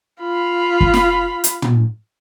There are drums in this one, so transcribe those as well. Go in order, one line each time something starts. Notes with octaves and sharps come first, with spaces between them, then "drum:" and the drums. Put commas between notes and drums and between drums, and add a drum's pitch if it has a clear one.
F4 B5
drum: kick
drum: snare
drum: hi-hat
drum: tom